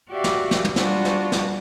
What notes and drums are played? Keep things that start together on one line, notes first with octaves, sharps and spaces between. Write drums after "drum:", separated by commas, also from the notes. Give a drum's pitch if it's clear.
F#4 G4 D5 E5 F5
drum: snare
drum: snare
drum: tom
G3 D4 F4 F#4, drum: snare
drum: snare
drum: snare